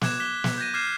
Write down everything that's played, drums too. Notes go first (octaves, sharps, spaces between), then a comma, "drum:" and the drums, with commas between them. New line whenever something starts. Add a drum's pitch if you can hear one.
D6 F#6 G#6 E7, drum: snare
D6 F#6 B6 G7
drum: snare
G6 G#6 A#6 D#7
D6 F6 G6 G#6 C7 E7